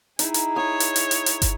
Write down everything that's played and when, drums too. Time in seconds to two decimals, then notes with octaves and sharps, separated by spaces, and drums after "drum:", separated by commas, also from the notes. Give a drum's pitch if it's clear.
0.19 D#4 E4 G#4, drum: hi-hat
0.34 drum: hi-hat
0.56 C#5 D#6
0.80 drum: hi-hat
0.96 drum: hi-hat
1.11 drum: hi-hat
1.26 drum: hi-hat
1.42 drum: kick, hi-hat